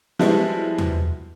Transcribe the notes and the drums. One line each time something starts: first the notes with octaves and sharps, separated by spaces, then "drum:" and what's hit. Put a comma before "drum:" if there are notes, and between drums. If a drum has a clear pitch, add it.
F3 G3 G#3 B3 E4 F#4, drum: snare
drum: tom E2